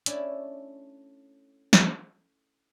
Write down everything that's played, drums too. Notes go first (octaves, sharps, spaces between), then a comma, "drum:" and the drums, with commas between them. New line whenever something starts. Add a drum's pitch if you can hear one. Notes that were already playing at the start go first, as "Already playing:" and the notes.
A3 C#4 D4 E4 D5 E5, drum: hi-hat
drum: snare